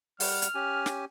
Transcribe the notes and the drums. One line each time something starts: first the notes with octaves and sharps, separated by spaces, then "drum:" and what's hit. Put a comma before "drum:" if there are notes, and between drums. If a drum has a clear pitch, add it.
G3 F#5 F6, drum: open hi-hat
drum: hi-hat
C#4 G4 G#5
drum: snare